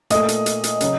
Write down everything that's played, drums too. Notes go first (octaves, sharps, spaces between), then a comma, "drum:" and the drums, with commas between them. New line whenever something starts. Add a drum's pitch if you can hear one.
A#2 A3 D#5 D#6, drum: hi-hat
drum: hi-hat
drum: hi-hat
drum: hi-hat
C#3 F#3, drum: hi-hat